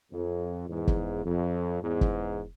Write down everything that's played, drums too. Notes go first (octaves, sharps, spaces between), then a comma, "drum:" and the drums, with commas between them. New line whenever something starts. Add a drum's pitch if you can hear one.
F2
E2 G#2
drum: kick
F2
E2 G#2
drum: kick